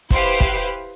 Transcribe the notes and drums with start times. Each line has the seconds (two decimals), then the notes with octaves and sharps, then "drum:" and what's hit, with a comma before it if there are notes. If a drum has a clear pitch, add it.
0.10 E4 G4 B4 C5 F5, drum: kick
0.40 drum: kick